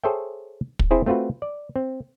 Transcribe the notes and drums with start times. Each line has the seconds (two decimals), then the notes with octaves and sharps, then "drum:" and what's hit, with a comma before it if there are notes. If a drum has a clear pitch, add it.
0.04 G#4 A4 C5 C#5 E5 G5
0.79 drum: kick
0.91 C4 E4 G#4 C5
1.06 A3 C4 F4 F#4 B4
1.42 D5
1.76 C4